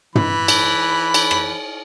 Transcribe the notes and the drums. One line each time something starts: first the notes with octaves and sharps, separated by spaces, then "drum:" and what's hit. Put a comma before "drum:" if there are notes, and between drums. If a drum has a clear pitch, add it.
E3 B5, drum: tom
drum: cymbal
drum: cymbal
drum: rim click